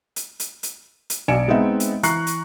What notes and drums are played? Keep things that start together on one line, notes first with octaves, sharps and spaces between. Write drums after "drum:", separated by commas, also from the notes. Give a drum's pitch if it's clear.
drum: hi-hat
drum: hi-hat
drum: hi-hat
drum: hi-hat
B1 D5 G#5 C#7 D7 E7
G#3 B3 C4 D#4 E5
drum: hi-hat
E3 A#5 C#6 F#6 C7, drum: hi-hat
drum: hi-hat